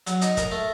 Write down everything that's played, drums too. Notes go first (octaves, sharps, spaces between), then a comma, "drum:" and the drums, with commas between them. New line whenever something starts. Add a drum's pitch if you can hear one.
F#3, drum: hi-hat
D#4, drum: hi-hat
A#4, drum: kick, hi-hat
A3